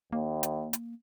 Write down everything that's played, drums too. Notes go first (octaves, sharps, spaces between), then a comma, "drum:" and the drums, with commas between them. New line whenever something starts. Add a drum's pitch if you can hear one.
D#2 A#3
drum: hi-hat
drum: hi-hat